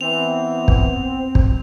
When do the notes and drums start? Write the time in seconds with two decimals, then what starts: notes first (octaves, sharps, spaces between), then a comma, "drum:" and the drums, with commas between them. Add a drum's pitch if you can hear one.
0.01 E3 B3 C4 F7
0.68 drum: kick
1.35 drum: kick